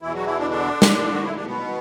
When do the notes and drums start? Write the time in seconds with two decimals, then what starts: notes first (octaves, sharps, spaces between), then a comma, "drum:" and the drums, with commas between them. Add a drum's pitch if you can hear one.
0.02 E2 B2 E3 E4
0.14 F#3 F#4
0.26 E3 E4
0.39 D3 D4
0.50 D3 D4
0.82 drum: snare
1.14 F#4
1.24 E4
1.35 D4
1.45 B2 B3